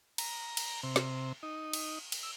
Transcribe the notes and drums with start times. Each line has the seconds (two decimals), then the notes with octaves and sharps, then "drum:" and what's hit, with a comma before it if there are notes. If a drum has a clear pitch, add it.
0.18 A#5, drum: cymbal
0.57 drum: cymbal
0.83 C3
0.96 drum: snare
1.43 D#4
1.73 drum: cymbal
2.12 drum: cymbal
2.23 E6